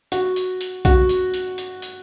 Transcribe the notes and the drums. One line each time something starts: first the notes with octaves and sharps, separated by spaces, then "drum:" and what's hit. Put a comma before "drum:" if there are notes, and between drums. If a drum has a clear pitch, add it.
F#4, drum: hi-hat
drum: hi-hat
drum: hi-hat
F#4, drum: kick B1, hi-hat
drum: hi-hat
drum: hi-hat
drum: hi-hat
drum: hi-hat